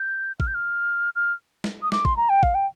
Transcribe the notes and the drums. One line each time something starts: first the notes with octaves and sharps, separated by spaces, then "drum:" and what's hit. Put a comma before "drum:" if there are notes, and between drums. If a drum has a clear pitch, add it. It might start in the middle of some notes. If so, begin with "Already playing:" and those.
Already playing: G6
F6, drum: kick
G6
F6
F6
drum: snare
D#6
D6, drum: snare
C6, drum: kick
A#5
G5
F5, drum: kick
G5